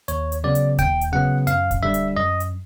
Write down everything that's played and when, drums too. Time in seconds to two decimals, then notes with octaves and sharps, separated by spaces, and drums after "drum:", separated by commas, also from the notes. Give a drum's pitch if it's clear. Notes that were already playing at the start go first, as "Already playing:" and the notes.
0.08 D#2 C#5, drum: hi-hat
0.32 drum: hi-hat
0.44 C#3 F#3 B3 D5
0.55 drum: hi-hat
0.78 D#2 G5, drum: kick D1, hi-hat
1.01 drum: hi-hat
1.13 C#3 F#3 B3 F#5
1.47 F#2 F5, drum: hi-hat
1.71 drum: kick D1, hi-hat
1.83 D3 G3 E5
1.94 drum: hi-hat
2.16 F#2 D#5
2.40 drum: hi-hat